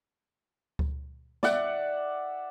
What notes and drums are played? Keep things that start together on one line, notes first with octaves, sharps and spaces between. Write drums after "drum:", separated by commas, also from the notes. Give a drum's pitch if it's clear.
drum: kick C#2
D5 E5 F#5, drum: snare B3